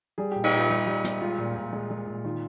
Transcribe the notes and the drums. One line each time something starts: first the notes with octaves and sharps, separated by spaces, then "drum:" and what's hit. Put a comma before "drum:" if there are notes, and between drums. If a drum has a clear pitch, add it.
G3 G#4
A#2 G4
D#4, drum: cymbal
A#2 F4
G3
G3
G3, drum: hi-hat
G#3 F4
A#2
A#2
G#3
G#3
A#2
D#3 F4